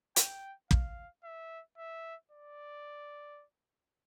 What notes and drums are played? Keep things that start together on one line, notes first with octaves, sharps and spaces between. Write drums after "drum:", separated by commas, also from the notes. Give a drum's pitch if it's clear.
G5, drum: hi-hat
F5, drum: kick
E5
E5
D5